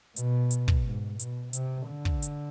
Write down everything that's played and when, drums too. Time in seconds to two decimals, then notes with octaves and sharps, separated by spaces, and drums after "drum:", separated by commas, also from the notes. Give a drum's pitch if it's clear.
0.16 B2, drum: hi-hat
0.51 drum: hi-hat
0.68 drum: kick
0.85 G#2
1.19 B2, drum: hi-hat
1.53 C3, drum: hi-hat
1.88 D3
2.05 drum: kick
2.22 drum: hi-hat